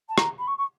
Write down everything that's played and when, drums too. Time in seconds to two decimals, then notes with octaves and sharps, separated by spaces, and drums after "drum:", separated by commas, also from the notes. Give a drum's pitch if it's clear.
0.08 A5
0.18 A#5, drum: rim click
0.38 B5
0.47 C#6
0.57 C#6